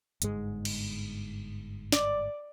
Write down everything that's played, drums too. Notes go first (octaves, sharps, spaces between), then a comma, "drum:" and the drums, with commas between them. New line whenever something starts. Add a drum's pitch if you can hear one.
G1 G#2 G#3, drum: hi-hat
drum: cymbal
D5, drum: snare